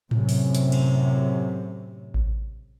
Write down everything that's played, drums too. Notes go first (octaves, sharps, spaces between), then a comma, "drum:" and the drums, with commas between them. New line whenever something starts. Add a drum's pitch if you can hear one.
F#2 A2 C3, drum: tom A2
drum: open hi-hat
drum: hi-hat
drum: cymbal
drum: kick A1